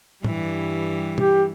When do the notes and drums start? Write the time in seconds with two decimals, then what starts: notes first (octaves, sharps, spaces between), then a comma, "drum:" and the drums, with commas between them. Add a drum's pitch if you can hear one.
0.24 G2 E3 G3, drum: tom
1.18 G4, drum: tom